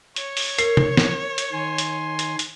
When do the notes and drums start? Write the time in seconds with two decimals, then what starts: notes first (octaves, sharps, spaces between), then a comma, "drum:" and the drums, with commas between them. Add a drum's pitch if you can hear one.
0.16 C#5, drum: hi-hat
0.37 drum: open hi-hat
0.59 A#4 C7, drum: hi-hat
0.77 drum: tom
0.97 drum: snare
1.38 drum: hi-hat
1.52 D#3 G#5 C6
1.78 drum: hi-hat
2.19 drum: hi-hat
2.39 drum: hi-hat